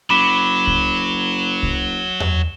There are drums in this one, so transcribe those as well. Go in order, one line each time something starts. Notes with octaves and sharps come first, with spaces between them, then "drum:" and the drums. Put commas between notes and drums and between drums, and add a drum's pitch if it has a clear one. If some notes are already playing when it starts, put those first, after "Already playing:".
F#1 F#3 B5 D6 B6 E7
drum: kick C2
drum: kick C2
drum: tom E2